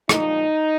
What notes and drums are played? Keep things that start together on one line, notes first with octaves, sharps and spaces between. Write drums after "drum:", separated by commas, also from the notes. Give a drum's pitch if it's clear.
A#2 F3 G#3 D#4, drum: rim click